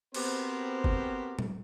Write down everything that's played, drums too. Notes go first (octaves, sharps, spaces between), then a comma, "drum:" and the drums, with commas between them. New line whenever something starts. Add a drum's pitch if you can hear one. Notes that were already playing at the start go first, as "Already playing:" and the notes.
B3 C4 F#4 G4 A#4 C5, drum: cymbal
drum: kick
drum: tom